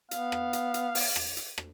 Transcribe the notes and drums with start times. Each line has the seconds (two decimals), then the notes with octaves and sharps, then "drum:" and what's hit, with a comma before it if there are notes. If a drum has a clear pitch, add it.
0.11 B3 F5, drum: hi-hat
0.32 drum: rim click
0.53 drum: hi-hat
0.74 drum: hi-hat
0.95 drum: open hi-hat
1.16 drum: rim click
1.37 drum: hi-hat
1.58 drum: rim click